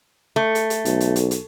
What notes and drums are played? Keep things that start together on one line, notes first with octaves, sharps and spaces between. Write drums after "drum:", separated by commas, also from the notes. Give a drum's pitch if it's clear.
A3
drum: hi-hat
drum: hi-hat
B1, drum: hi-hat
drum: hi-hat
drum: hi-hat
drum: hi-hat